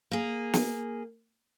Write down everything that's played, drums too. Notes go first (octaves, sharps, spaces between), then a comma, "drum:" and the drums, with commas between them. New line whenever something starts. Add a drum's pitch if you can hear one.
A#3 G#4
drum: snare